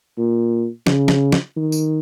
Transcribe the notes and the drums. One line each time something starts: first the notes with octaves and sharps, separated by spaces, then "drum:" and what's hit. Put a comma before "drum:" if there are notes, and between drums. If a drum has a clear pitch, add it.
A#2
C#3, drum: snare
drum: snare
drum: snare
D#3
drum: tambourine